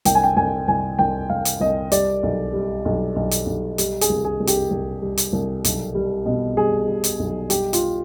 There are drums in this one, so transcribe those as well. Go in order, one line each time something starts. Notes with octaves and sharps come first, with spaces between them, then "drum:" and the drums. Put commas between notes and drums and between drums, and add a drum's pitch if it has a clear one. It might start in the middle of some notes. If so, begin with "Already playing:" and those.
C2 G5, drum: hi-hat
G#5
G5
C2 G#5
C2 G#5
C2 G5
C2 F5
drum: hi-hat
C2 D#5
G3 D5, drum: hi-hat
B1
G3
B1
B1
drum: hi-hat
B1
G3, drum: hi-hat
G#4, drum: hi-hat
C2
G#4
C2
G4, drum: hi-hat
C2
G3
drum: hi-hat
C2
B1, drum: hi-hat
G3
B2
G3 G#4
G3
drum: hi-hat
B1
G3 G4, drum: hi-hat
F4, drum: hi-hat